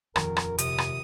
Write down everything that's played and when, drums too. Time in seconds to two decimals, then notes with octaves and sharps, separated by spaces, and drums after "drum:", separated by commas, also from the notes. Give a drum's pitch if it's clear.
0.16 D#1 F2 A#4, drum: rim click
0.37 drum: rim click
0.58 C3 D#6, drum: hi-hat
0.78 drum: rim click